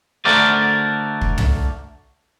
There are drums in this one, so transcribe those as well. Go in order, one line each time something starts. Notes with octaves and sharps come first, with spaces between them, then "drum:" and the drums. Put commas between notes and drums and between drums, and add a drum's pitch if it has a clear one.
D3 A3 F#4 A#4 C5 D5
drum: kick
drum: tom